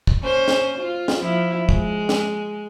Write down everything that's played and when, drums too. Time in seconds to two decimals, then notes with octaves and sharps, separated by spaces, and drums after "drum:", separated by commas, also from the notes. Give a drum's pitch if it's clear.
0.07 drum: kick
0.21 C#4 C5
0.48 drum: snare
0.78 F4
1.08 drum: snare
1.20 F3 E4
1.69 G#3, drum: kick
2.09 drum: snare